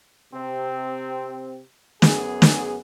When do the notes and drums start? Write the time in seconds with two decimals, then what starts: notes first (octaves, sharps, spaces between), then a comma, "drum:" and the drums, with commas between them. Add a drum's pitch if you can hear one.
0.33 C3 C4
2.02 F#2 B3 G#4, drum: snare
2.42 drum: snare